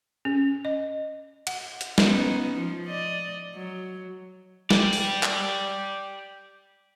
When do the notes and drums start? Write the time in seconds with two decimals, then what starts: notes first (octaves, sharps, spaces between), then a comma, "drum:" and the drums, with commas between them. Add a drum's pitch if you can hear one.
0.25 C#4
0.65 D#5
1.47 F#5, drum: cymbal
1.81 drum: hi-hat
1.98 B3 C#4 D#4, drum: snare
2.55 F3
2.87 D5 D#5
3.55 F#3
4.71 G4 D5, drum: snare
4.93 drum: open hi-hat
5.23 drum: clap